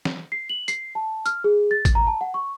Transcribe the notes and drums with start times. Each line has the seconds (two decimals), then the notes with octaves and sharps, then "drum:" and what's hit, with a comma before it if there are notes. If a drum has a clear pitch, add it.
0.05 drum: snare
0.32 C7
0.49 F#7
0.68 C7, drum: tambourine
0.95 A5
1.26 F6, drum: tambourine
1.44 G#4
1.71 A6
1.85 drum: kick A1, tambourine
1.95 A#5
2.07 A5
2.21 F#5
2.34 C#6